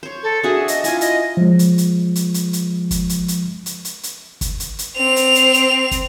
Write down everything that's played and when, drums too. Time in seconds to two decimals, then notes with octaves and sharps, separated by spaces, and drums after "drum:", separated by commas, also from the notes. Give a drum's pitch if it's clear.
0.03 C5 C#5
0.23 A4
0.43 D4 F#4 G#4 E5
0.68 D#5, drum: hi-hat
0.84 E4 F4 G#5, drum: hi-hat
1.01 D#5, drum: hi-hat
1.37 F3 G#3
1.59 drum: hi-hat
1.78 drum: hi-hat
2.15 drum: hi-hat
2.34 drum: hi-hat
2.53 drum: hi-hat
2.91 drum: kick, hi-hat
3.09 drum: hi-hat
3.28 drum: hi-hat
3.66 drum: hi-hat
3.85 drum: hi-hat
4.03 drum: hi-hat
4.41 drum: kick, hi-hat
4.60 drum: hi-hat
4.79 drum: hi-hat
4.97 C4 F7
5.16 drum: hi-hat
5.35 drum: hi-hat
5.54 drum: hi-hat
5.91 drum: kick, hi-hat